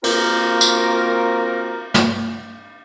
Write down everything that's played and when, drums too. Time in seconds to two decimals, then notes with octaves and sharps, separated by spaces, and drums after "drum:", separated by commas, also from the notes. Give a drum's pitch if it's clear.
0.04 A#3 C4 F4 F#4 A#4, drum: cymbal
0.61 drum: tambourine
1.94 drum: snare